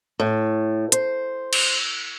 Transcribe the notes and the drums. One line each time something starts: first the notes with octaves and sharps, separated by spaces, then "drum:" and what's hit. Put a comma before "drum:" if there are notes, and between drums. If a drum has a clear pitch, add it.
A2
C5, drum: hi-hat
drum: cymbal